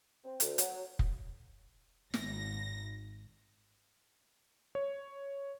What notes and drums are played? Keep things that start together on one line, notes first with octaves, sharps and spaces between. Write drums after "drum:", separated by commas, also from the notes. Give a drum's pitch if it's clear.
C4
D2, drum: hi-hat
F#3, drum: hi-hat
drum: kick F1
G#1 A#6, drum: snare
C#5